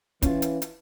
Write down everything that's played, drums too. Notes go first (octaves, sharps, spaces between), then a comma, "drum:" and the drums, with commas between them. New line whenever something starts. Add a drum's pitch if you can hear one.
E3 C#4 F4, drum: kick, hi-hat
drum: hi-hat
drum: hi-hat